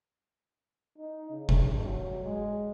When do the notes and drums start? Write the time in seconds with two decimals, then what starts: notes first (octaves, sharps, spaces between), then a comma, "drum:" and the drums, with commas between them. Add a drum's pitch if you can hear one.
0.98 D#4
1.30 C#3
1.49 drum: kick
1.80 F#3
2.23 G#3